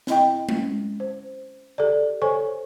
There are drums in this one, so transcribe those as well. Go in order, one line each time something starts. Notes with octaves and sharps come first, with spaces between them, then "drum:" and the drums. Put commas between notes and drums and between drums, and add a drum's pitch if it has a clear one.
C4 E4 D#5 G5, drum: snare
C#4, drum: tom G#3
C5
G4 A4 D5
A4 C5 C#5 G#5 C#6